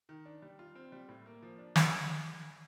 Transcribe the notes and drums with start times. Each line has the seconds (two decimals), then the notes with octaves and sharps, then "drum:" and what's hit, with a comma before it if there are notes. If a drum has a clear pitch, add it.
0.09 D#3
0.25 D4
0.42 G3
0.59 F4
0.75 C4
0.92 G3
1.09 A2
1.26 A#3
1.42 F3
1.58 D4
1.76 G3, drum: snare